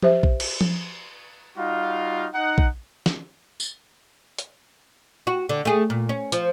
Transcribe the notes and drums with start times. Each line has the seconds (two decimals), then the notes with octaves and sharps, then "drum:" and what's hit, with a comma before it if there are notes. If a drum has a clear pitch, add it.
0.02 G4 C5 E5, drum: tom F3
0.23 drum: kick
0.40 drum: cymbal
0.61 drum: tom F3
1.57 G3 D#4 F4 F#4 F5
2.34 D#4 F#5
2.58 drum: kick
3.06 drum: snare
3.60 drum: tambourine
4.39 drum: hi-hat
5.27 F#4
5.49 D3
5.65 A3 G#4
5.90 A#2
6.09 C#4
6.32 F3, drum: hi-hat